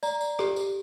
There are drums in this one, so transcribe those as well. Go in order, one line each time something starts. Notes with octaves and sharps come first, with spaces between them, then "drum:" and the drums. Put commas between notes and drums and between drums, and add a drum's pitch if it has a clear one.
D5 A#5, drum: tambourine
drum: tambourine
G4, drum: rim click
drum: tambourine